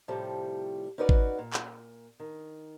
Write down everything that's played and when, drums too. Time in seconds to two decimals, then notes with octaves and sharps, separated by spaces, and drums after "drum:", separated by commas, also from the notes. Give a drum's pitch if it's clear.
0.08 A2 C3 F3 G3 A3
0.98 C#4 D#4 F#4 B4 D5 F#5
1.09 drum: kick G#1
1.39 A#2
1.53 drum: clap
2.20 D#3